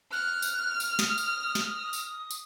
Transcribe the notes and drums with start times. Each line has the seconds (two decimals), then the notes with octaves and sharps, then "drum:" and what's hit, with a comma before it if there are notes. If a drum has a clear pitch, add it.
0.12 F6 F#6
0.42 drum: tambourine
0.80 drum: tambourine
0.99 D#6, drum: snare
1.18 drum: tambourine
1.55 drum: snare
1.93 drum: tambourine
2.31 drum: tambourine